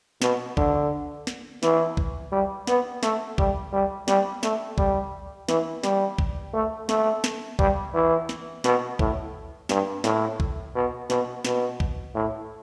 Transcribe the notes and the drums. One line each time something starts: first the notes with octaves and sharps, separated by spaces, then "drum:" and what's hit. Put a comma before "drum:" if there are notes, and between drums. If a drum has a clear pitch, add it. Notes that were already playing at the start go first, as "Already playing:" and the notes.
B2, drum: snare
D3, drum: kick A#1
drum: snare
E3, drum: snare
drum: kick A#1
G3
B3, drum: snare
A3, drum: snare
G3, drum: kick A#1
G3
G3, drum: snare
A3, drum: snare
G3, drum: kick A#1
E3, drum: snare
G3, drum: snare
drum: kick A#1
A3
A3, drum: snare
drum: snare
G3, drum: kick A#1
E3
drum: snare
B2, drum: snare
A2, drum: kick A#1
G2, drum: snare
A2, drum: snare
drum: kick A#1
B2
B2, drum: snare
B2, drum: snare
drum: kick A#1
A2